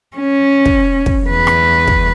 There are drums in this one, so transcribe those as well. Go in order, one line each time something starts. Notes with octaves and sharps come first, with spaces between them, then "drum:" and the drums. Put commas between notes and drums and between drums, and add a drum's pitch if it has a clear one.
C#4
drum: kick
drum: kick
E2 B4
drum: rim click
drum: kick